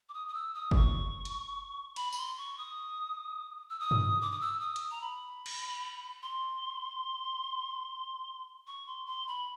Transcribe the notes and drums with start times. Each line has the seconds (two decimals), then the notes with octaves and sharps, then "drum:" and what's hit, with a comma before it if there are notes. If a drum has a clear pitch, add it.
0.09 D6
0.14 D#6
0.28 D#6
0.34 E6
0.55 D#6
0.71 D6, drum: kick
0.76 C#6
1.25 drum: hi-hat
1.96 B5, drum: cymbal
2.13 B5, drum: tambourine
2.17 C6
2.38 C#6
2.58 D#6
3.70 E6
3.80 D#6
3.91 drum: tom G2
4.21 D6
4.31 D#6
4.41 E6
4.60 D#6
4.76 drum: hi-hat
4.91 A#5
5.01 B5
5.46 drum: cymbal
6.22 C6
8.67 C#6
8.86 C6
9.06 C6
9.28 B5